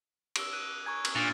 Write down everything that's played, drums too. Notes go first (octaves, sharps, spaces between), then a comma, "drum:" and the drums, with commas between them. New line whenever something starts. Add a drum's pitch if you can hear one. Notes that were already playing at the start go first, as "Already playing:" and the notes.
E6 D7, drum: cymbal
F#6 D#7
G#5 A#5 C#6 G#6
drum: cymbal
A#2 D4 F6 A6